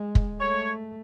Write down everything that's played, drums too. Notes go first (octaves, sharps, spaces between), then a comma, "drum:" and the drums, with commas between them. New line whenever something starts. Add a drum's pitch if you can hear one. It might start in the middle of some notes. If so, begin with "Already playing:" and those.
Already playing: G#3
drum: kick
A3 C#5